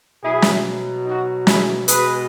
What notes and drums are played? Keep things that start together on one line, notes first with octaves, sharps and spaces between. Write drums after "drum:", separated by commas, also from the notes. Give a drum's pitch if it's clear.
B2 F#3 E4 G#4
drum: snare
D#4 F#4
E4 G#4, drum: snare
B2 G#3 G#4 B4, drum: hi-hat